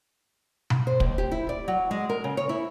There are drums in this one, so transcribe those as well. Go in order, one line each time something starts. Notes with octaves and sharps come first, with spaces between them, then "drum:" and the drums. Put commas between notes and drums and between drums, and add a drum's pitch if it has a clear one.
drum: tom B2
C5
D#2, drum: kick
G4
E4
D5
F#3
G#3
A#4
C#3
C#5
E4